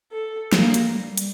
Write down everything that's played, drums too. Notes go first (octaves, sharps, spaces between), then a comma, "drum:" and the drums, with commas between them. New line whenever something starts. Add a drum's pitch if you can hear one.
A4
A#3, drum: snare
drum: hi-hat
G3
drum: hi-hat